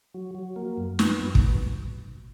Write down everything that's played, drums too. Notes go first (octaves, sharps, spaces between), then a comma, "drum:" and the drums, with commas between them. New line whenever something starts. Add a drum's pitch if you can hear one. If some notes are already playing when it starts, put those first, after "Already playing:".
F#3
F#3
A#3
F#2
B3, drum: snare
F#2
drum: kick